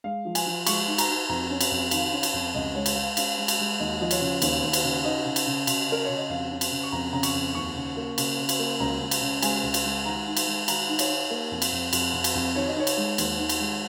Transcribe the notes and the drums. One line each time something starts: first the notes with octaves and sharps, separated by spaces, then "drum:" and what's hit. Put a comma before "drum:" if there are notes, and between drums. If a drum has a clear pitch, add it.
G#3 F5
F3
G#5, drum: cymbal
F3
G#3 C#6, drum: cymbal
D#4
A#5, drum: cymbal
D#4
F2 A#5
C#4
drum: cymbal
F2
D#3 F5, drum: cymbal
C#4
drum: cymbal
F2
C#2 D#5
G#3 C#5
drum: cymbal
G#3 F5
C#4 F5, drum: cymbal
G#3
drum: cymbal
G#3
D#2 D#5
F3 D#5
C#5, drum: cymbal
C#3
D#2 C#5, drum: cymbal
D#2
drum: cymbal
C#3
D#4 D#5
C#3
drum: cymbal
C#3
C#3, drum: cymbal
C#3 A#4
C#3 C#5
D#5
F2 F5
C#4
drum: cymbal
C#3
C#6
F2 A#5
C#3 A#5
C#6, drum: cymbal
F2
D#2 C#6
C#3
A#3
C#3, drum: cymbal
C#3
drum: cymbal
A#3
C#2 A#5
C#2
drum: cymbal
C#3
G#3 G#5, drum: cymbal
C#2
drum: cymbal
G#3
D#3 A#5
D#4
drum: cymbal
G#3
D#3 A#5, drum: cymbal
D#4
C#5, drum: cymbal
D#4
A#3
F2
drum: cymbal
F2
F2, drum: cymbal
F2
drum: cymbal
F2
D#3 C#5
D#5
D#4 C#5
drum: cymbal
G#3
D#2, drum: cymbal
D#3
drum: cymbal
G#3